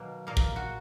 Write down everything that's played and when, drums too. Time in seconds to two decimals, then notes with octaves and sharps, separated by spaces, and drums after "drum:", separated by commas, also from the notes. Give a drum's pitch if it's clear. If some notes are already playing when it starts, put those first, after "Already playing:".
Already playing: B2 D#3 F#3 A#3
0.27 A#2 A#3 A#4
0.37 drum: kick
0.56 F#4